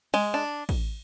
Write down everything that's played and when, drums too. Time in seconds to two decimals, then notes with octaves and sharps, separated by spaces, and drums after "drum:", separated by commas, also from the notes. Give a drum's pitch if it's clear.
0.14 G#3, drum: cymbal
0.34 D4
0.69 drum: kick, cymbal